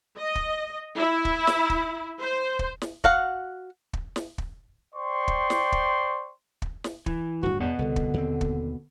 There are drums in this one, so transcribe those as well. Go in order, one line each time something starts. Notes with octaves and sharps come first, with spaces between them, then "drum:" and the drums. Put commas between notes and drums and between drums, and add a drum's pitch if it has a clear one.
D#5
drum: kick
E4
drum: kick
drum: snare
drum: kick
C5
drum: kick
drum: snare
F#4 F5 F#5, drum: kick
drum: kick
drum: snare
drum: kick
C5 D5 G5 C6 C#6
drum: kick
drum: snare
drum: kick
drum: kick
drum: snare
E3, drum: kick
D1 G2 F#4
E2 B2 F#5
C2 D3
drum: kick
D#2 A#3 C4
drum: kick